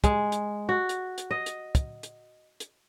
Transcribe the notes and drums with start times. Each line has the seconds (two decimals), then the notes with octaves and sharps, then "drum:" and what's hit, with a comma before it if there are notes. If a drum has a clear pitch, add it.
0.04 G#3, drum: kick, hi-hat
0.32 drum: hi-hat
0.69 F#4
0.89 drum: hi-hat
1.18 drum: hi-hat
1.31 D#5
1.46 drum: hi-hat
1.75 drum: kick, hi-hat
2.03 drum: hi-hat
2.60 drum: hi-hat